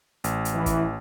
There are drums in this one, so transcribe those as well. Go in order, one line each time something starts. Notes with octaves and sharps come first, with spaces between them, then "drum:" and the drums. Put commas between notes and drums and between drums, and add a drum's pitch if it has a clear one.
A1, drum: hi-hat
drum: hi-hat
E3
drum: kick, hi-hat